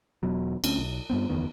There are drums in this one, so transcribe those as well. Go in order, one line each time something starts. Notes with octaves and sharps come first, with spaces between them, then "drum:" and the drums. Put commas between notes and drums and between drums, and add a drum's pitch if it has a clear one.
E1 B2 F#3
D2 C4 C#4, drum: cymbal
B1
G2 B3 C4
F#1 E2 D#3 B3